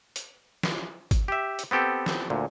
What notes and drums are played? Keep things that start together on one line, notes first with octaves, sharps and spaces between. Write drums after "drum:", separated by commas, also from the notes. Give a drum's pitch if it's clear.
drum: hi-hat
drum: snare
drum: kick, hi-hat
G4 E5
drum: hi-hat
B3 C4 G4 A4
drum: snare
D2 A#2